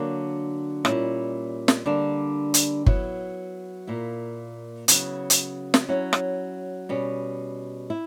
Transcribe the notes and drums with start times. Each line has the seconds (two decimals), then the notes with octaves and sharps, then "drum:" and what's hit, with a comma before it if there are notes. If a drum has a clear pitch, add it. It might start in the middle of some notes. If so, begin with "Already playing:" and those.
Already playing: D3 F#3 A#3 D4
0.85 A#2 G3 C#4 E4, drum: rim click
1.68 drum: snare
1.86 D3 G3 A#3 D4
2.54 drum: hi-hat
2.86 F#3 B3 E4, drum: kick G1
3.87 A#2 A#3 E4
4.88 C#3 F#3 B3 E4, drum: hi-hat
5.30 drum: hi-hat
5.74 drum: snare
5.89 F#3 C#4 E4
6.13 drum: rim click
6.89 B2 G3 C#4
7.90 E4